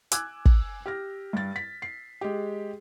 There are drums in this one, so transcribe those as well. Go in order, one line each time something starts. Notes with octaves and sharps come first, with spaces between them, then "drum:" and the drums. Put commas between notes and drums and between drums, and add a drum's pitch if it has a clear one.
G#5 D6 E6 F#6 G#6, drum: hi-hat
drum: kick
G4 F6 A#6
G2 A6
B6
C7
G#3 G4